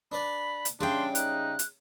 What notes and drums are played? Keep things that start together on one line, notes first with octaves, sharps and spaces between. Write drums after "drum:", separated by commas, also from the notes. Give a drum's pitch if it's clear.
D4 B4 D5 B5
drum: hi-hat
C#3 G3 D4 G#4 E5 G5 C6
D#4 F#6, drum: hi-hat
drum: hi-hat